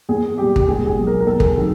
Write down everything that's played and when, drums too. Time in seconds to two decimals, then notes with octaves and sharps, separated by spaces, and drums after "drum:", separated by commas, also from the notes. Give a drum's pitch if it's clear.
0.09 E2 G#4
0.38 B2 G3 G4
0.56 G4, drum: kick
0.67 C#2 G#4
0.87 G#4
0.97 B2 F#3
1.07 A#4
1.20 A#4
1.26 E2 A4
1.40 A4, drum: kick
1.46 G#4
1.55 C3 D#3 F#3